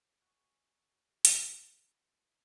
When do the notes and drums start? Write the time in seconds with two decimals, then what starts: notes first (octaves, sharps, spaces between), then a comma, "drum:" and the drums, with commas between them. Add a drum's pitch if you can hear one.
0.22 F#4 G#4
1.25 drum: hi-hat